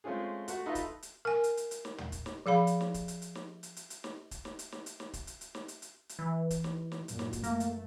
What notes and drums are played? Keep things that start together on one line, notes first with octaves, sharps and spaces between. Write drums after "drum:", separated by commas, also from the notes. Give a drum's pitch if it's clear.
G#3 A3 C4 C#4 F4 G#4
A3 F#4, drum: hi-hat
D#4 F4 A4 B4 E5
drum: kick, hi-hat
drum: hi-hat
A#4 G#5
drum: hi-hat
drum: hi-hat
drum: hi-hat
drum: snare
drum: tom
drum: kick, hi-hat
drum: snare
F3 G#4 F5 B5
drum: hi-hat
drum: snare
drum: kick, hi-hat
drum: hi-hat
drum: hi-hat
drum: snare
drum: hi-hat
drum: hi-hat
drum: hi-hat
drum: snare
drum: kick, hi-hat
drum: snare
drum: hi-hat
drum: snare
drum: hi-hat
drum: snare
drum: kick, hi-hat
drum: hi-hat
drum: hi-hat
drum: snare
drum: hi-hat
drum: hi-hat
drum: hi-hat
E3
drum: kick, hi-hat
drum: snare
drum: snare
F#2 A#2, drum: hi-hat
drum: snare
drum: kick, hi-hat
A3 A#3, drum: hi-hat
drum: hi-hat